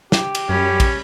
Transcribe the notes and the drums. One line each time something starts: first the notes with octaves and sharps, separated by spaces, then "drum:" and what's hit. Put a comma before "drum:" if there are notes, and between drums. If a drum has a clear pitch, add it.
G4, drum: snare
drum: cymbal
F#2 G3 C#4 B5
drum: kick, cymbal